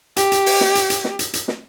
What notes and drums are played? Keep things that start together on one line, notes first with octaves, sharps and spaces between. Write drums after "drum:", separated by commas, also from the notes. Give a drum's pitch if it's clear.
G4, drum: hi-hat
drum: hi-hat
drum: open hi-hat
drum: snare
drum: hi-hat
drum: hi-hat
drum: snare
drum: hi-hat
drum: hi-hat
drum: snare